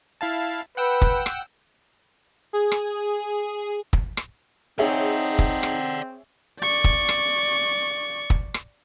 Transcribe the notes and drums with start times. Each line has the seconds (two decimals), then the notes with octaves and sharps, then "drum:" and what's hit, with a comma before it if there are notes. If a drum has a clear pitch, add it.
0.21 E4 F5 A5
0.77 B4 F#5 G5 E6
1.02 drum: kick
1.26 drum: rim click
2.53 G#4
2.72 drum: rim click
3.93 drum: kick
4.17 drum: rim click
4.79 C4 D#4 G#4 C#5 D5 E5 F#5
5.39 drum: kick
5.63 drum: rim click
6.60 D5 C#6
6.84 drum: kick
7.09 drum: rim click
8.30 drum: kick
8.54 drum: rim click